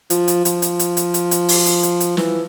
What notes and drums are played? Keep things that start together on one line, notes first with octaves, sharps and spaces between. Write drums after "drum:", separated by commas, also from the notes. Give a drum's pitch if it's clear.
F3, drum: hi-hat
drum: hi-hat
F3, drum: hi-hat
drum: hi-hat
drum: hi-hat
drum: hi-hat
drum: hi-hat
drum: hi-hat
drum: open hi-hat
drum: hi-hat
drum: hi-hat
drum: hi-hat
E3, drum: snare